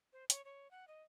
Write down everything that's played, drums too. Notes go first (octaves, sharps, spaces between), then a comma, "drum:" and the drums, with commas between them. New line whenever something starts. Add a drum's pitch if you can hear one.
C5
C#5, drum: hi-hat
C#5
F#5
D#5